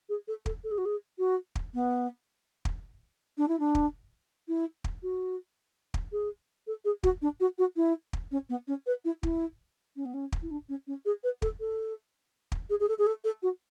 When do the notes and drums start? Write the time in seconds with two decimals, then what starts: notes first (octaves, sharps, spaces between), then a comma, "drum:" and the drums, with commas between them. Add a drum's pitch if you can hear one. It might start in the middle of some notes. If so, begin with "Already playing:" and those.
0.09 G#4
0.28 A4
0.46 A4, drum: kick
0.64 A4
0.71 G#4
0.78 F#4
0.85 G#4
1.19 F#4
1.55 drum: kick
1.74 B3
2.65 drum: kick
3.38 D4
3.48 E4
3.60 D4
3.75 drum: kick
4.48 E4
4.84 drum: kick
5.03 F#4
5.94 drum: kick
6.12 G#4
6.67 A4
6.85 G#4
7.03 F#4, drum: kick
7.22 D4
7.40 F#4
7.58 F#4
7.76 E4
8.13 drum: kick
8.32 C#4
8.49 B3
8.68 C#4
8.87 B4
9.05 E4
9.23 E4, drum: kick
9.96 C#4
10.05 B3
10.14 C#4
10.32 drum: kick
10.42 E4
10.51 D4
10.69 C#4
10.87 C#4
11.05 G#4
11.24 B4
11.42 A4, drum: kick
11.60 A4
12.52 drum: kick
12.70 G#4
12.80 G#4
12.89 A4
12.99 G#4
13.07 A4
13.24 A4
13.43 F#4